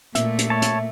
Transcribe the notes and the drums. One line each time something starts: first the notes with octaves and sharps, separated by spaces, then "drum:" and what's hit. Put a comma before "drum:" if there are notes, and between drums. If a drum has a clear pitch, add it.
A#2 A3 E5, drum: hi-hat
drum: hi-hat
C#5 A5
drum: hi-hat